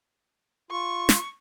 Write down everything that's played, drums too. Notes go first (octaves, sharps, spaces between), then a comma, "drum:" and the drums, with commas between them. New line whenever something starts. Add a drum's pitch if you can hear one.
F4 C#6
drum: snare